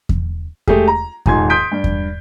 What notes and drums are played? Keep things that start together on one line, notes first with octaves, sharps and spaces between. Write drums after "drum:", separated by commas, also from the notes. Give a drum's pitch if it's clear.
drum: kick E2
G#3 A3 G4 G#4, drum: kick E2
A#5
D#1 G#2 G#5 C6 G#6, drum: kick E2
C6 D#6 G6 B6 D7
G2
drum: kick E2